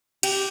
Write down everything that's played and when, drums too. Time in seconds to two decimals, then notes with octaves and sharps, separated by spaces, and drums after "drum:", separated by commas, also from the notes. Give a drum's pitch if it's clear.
0.23 G4, drum: cymbal